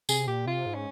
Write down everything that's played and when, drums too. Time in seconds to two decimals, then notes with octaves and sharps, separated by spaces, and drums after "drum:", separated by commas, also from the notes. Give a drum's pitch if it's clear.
0.09 C3 G#4, drum: tambourine
0.27 A#2 G4
0.46 C3 F4
0.66 G#2
0.74 C#4